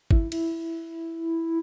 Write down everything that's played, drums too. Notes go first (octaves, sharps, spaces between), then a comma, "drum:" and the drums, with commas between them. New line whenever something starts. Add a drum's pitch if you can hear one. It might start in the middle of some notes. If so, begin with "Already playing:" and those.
E4, drum: kick
E4, drum: cymbal